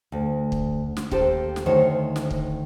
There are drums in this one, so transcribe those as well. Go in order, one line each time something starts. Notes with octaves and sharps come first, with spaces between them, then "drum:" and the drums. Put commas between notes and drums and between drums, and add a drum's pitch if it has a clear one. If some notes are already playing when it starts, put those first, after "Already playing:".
D2
drum: kick
drum: snare
D#2 G4 A4 C5, drum: kick
drum: snare
D2 D#3 C5 C#5
drum: snare
drum: kick